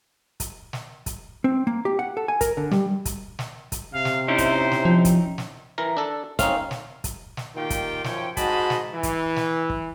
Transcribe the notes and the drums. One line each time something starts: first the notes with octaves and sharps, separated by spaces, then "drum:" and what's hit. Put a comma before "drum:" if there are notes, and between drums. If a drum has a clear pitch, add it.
drum: kick, hi-hat
drum: snare
drum: kick, hi-hat
C4
A#3
G4
F#5
A4
G#5
A#4, drum: kick, hi-hat
D3
G3, drum: snare
drum: kick, hi-hat
drum: snare
drum: kick, hi-hat
C3 F5
drum: snare
C#4 D#4 E4 C5
drum: kick, hi-hat
drum: snare
F3
drum: kick, hi-hat
drum: snare
E3 A#4 A#5
D4 A4
C4 C#4 D#4 F5, drum: kick, hi-hat
drum: snare
drum: kick, hi-hat
drum: snare
A#2 D#3 F4 G4 G5
drum: kick, hi-hat
F#2 F3 C#4 G5, drum: snare
G#2 F#4 D#5 A5 B5, drum: kick, hi-hat
drum: snare
E3
drum: kick, hi-hat
drum: snare
drum: kick